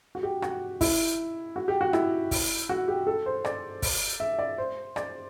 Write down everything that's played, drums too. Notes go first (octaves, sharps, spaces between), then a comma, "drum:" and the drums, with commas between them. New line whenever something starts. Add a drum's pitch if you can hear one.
F#4
G4
F#4, drum: rim click
E4, drum: kick, open hi-hat
F#4
G4
F#4
E4, drum: rim click
drum: kick, open hi-hat
F#4
G4
A4
C5
D5, drum: rim click
drum: kick, open hi-hat
E5
D5
C5
D5, drum: rim click